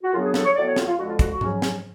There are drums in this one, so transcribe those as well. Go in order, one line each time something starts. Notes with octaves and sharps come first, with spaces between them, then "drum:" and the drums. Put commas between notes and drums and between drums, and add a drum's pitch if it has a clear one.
F#4
F#2 C#3 F#3 B3 D4 F4
G#4
A4, drum: snare
C#5
A2 F#3 B3 D5
C#5
F4, drum: snare
F4
F2 D3 G#3 F#4
F4
F#4, drum: kick, hi-hat
F#4
G#2 F#3 C#4, drum: tom G#2
drum: snare